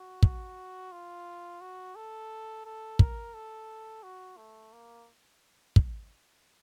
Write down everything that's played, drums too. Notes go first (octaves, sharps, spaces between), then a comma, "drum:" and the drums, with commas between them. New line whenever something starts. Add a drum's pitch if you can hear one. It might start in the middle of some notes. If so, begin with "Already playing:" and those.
Already playing: F#4
drum: kick
F4
F#4
A4
A4
A#4, drum: kick
A4
F#4
A3
A#3
drum: kick